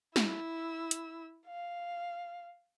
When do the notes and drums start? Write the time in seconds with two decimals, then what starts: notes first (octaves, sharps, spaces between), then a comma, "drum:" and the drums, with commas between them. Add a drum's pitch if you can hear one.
0.16 E4 E6, drum: snare
0.91 drum: hi-hat
1.46 F5